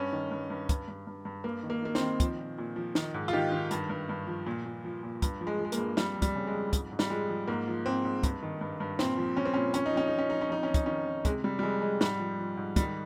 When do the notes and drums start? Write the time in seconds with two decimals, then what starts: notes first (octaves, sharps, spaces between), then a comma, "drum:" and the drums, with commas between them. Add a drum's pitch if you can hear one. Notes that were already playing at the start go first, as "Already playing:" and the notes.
Already playing: G2 C#4
0.13 D#3
0.31 G2
0.50 G2
0.69 G2, drum: kick, hi-hat
0.88 G2
1.07 G2
1.25 G2
1.44 G2 A#3
1.63 D#3
1.70 A#3
1.82 D#3 A#3
1.95 C4, drum: snare
2.01 D#3
2.20 F3, drum: kick, hi-hat
2.39 A#2
2.58 A#2
2.76 F3
2.95 D#3, drum: snare
3.14 G#2
3.28 F4
3.33 D#3 G4
3.52 D#3
3.71 G2, drum: hi-hat
3.90 G2
4.09 G2
4.27 F3
4.46 A#2
4.65 A#2
4.85 F3
5.03 A#2
5.22 G2, drum: kick, hi-hat
5.41 F3
5.47 G#3
5.59 F3
5.65 G#3
5.72 A#3, drum: hi-hat
5.78 G2
5.97 F2 G3, drum: snare
6.16 F2
6.22 G3, drum: kick, hi-hat
6.35 C#3
6.47 G#3
6.54 F2
6.73 G#2, drum: kick, hi-hat
6.91 G#2
6.99 G3, drum: snare
7.10 F3 G#3
7.29 F3
7.47 G#2 A#3
7.68 F3
7.86 G#2 C4
8.05 G#2
8.23 G2, drum: kick, hi-hat
8.43 D#3
8.61 G2
8.80 G2
8.99 A#2 C4, drum: snare
9.18 F3
9.37 F3 C#4
9.45 C4
9.54 A#2 C#4
9.74 F3 C#4, drum: hi-hat
9.86 D#4
9.93 F3 C#4
10.07 D#4
10.12 F3
10.18 C#4
10.30 F3 D#4
10.41 C#4
10.50 F2 D#4
10.63 C#4
10.69 F2
10.74 D#4, drum: kick, hi-hat
10.86 D#3 C#4
11.07 D#3
11.25 C3 G#3, drum: kick, hi-hat
11.44 C3 G3
11.59 G3
11.63 F2 G#3
11.82 F2 G#3
12.01 G#2 G3, drum: snare
12.19 F3
12.39 F3
12.57 G#2
12.76 D#3 G3, drum: kick, hi-hat